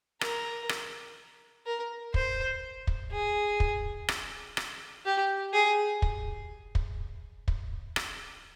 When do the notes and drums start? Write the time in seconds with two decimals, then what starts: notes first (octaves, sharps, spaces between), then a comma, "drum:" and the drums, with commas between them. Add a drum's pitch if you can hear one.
0.21 A#4, drum: rim click
0.69 drum: rim click
1.66 A#4
2.14 C5, drum: kick
2.87 drum: kick
3.12 G#4
3.60 drum: kick
4.09 drum: rim click
4.57 drum: rim click
5.06 G4
5.53 G#4
6.02 drum: kick
6.75 drum: kick
7.48 drum: kick
7.96 drum: rim click